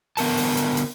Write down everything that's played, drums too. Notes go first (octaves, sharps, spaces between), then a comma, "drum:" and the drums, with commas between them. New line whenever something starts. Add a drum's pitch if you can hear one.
D3 B3 A#4 A5, drum: open hi-hat
drum: open hi-hat
drum: hi-hat
drum: hi-hat